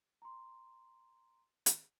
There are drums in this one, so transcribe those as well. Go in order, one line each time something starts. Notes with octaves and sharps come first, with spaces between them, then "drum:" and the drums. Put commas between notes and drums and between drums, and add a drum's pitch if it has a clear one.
A#5 C6
drum: hi-hat